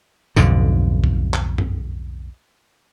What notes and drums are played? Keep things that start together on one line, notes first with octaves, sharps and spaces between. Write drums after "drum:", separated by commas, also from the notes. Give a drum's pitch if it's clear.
B1 F2 G#2 D3, drum: tambourine
drum: kick A#1
drum: clap
drum: tom F#2